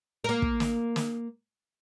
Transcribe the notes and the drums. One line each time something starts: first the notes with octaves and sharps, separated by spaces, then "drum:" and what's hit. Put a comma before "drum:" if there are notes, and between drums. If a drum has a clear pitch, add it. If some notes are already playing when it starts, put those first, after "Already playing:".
A#3 A#4
drum: kick
drum: snare
drum: snare